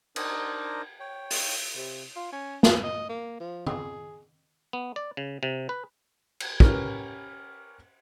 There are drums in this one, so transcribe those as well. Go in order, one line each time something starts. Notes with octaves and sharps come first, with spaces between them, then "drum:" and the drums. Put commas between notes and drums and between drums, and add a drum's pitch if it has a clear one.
D4 D#4 A#4 C5 D#5, drum: cymbal
C#5 G5
drum: open hi-hat
C3
F4
C#4
G#4, drum: snare
D#5
A#3
F3
G#4, drum: tom
B3
D5
C#3
C3
B4
drum: cymbal
C#4 G4 A#4 B4, drum: kick